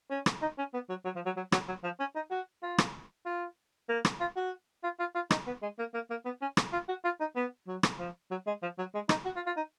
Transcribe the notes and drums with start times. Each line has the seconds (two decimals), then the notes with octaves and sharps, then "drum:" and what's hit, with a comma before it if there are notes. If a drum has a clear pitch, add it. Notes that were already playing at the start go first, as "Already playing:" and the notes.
0.10 C#4
0.26 drum: rim click
0.42 D#4
0.58 C#4
0.74 B3
0.89 F#3
1.05 F#3
1.15 F3
1.25 F#3
1.36 F#3
1.52 F#3, drum: rim click
1.68 F#3
1.83 F3
1.99 C#4
2.15 D#4
2.31 F#4
2.63 F4
2.78 drum: rim click
3.26 F4
3.89 A#3
4.05 drum: rim click
4.20 F4
4.36 F#4
4.83 F4
4.99 F4
5.15 F4
5.31 D#4, drum: rim click
5.47 B3
5.62 G#3
5.79 A#3
5.94 A#3
6.10 A#3
6.25 B3
6.42 C#4
6.57 drum: rim click
6.73 F4
6.88 F#4
7.04 F4
7.20 D#4
7.36 B3
7.67 F#3
7.83 drum: rim click
7.99 F3
8.31 F#3
8.47 G#3
8.62 F3
8.78 F#3
8.94 G#3
9.09 D#4, drum: rim click
9.25 F#4
9.36 F4
9.46 F4
9.57 D#4